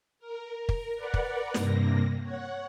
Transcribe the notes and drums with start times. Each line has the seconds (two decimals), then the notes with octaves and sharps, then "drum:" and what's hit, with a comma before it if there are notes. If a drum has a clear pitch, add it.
0.19 A#4
0.69 drum: kick
0.94 A#4 B4 D5 F#5
1.14 drum: kick
1.54 G2 C3 A#3 A#6, drum: snare
2.22 C#5 F#5